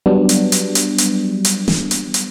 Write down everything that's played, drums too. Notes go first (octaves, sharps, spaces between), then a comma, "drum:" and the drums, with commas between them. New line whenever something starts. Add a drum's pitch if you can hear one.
F#3 G3 B3 D4
drum: hi-hat
drum: hi-hat
drum: hi-hat
drum: hi-hat
drum: hi-hat
drum: snare
drum: hi-hat
drum: hi-hat